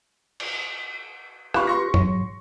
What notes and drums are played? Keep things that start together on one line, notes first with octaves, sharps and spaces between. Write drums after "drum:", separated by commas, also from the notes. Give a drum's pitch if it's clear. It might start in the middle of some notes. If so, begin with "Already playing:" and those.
drum: cymbal
F4 G4 B4 F5 B5 C#6, drum: rim click
C6 C#6 A#6
G#2 F#3, drum: tom